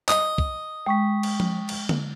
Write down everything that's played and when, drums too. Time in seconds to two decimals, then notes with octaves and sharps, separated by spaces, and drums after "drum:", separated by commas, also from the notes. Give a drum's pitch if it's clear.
0.09 D#5, drum: clap
0.38 drum: kick
0.87 G#3 G5 C#6 B6
1.23 drum: cymbal
1.40 drum: tom F3
1.69 drum: cymbal
1.89 drum: tom D3